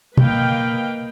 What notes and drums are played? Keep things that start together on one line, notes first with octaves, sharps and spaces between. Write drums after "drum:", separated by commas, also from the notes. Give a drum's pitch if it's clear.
A#3 B4 D#5 F5 G5, drum: tom